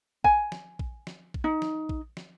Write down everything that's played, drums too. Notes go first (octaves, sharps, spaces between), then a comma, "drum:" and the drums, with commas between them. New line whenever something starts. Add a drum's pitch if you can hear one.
G#5, drum: kick
drum: snare
drum: kick
drum: snare
drum: kick
D#4
drum: snare
drum: kick
drum: snare